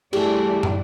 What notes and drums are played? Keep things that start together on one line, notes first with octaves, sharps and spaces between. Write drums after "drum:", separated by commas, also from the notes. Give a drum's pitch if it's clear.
G2 E3 A3 G4 G#4 D5, drum: cymbal
drum: tom